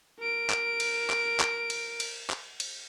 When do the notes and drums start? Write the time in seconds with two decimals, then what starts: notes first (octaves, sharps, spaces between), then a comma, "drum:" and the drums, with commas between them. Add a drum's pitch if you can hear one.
0.20 A#4 D7
0.50 drum: clap
0.80 drum: cymbal
1.10 drum: clap
1.40 drum: clap
1.70 drum: cymbal
2.00 drum: cymbal
2.30 drum: clap
2.60 drum: cymbal